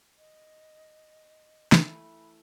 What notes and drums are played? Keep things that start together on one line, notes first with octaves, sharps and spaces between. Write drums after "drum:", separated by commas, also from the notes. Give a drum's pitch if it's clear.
D#5
E3 A3 B4 B5, drum: snare